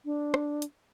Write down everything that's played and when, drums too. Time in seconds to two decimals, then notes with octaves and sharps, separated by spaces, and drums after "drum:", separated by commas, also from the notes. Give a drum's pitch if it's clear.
0.05 D4
0.34 drum: rim click
0.62 drum: hi-hat